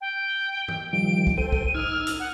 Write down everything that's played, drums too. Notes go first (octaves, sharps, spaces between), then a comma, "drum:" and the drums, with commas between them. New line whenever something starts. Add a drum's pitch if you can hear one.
G5
drum: tom G2
D#3 F3 G3 D7
drum: kick
A4 C5 G5 D#7
drum: kick
D#4 E6 F6 G#6
drum: hi-hat
F#5